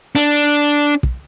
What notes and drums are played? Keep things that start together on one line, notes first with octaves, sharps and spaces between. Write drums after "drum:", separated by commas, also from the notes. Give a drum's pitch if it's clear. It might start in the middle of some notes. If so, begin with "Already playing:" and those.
D4, drum: snare
drum: kick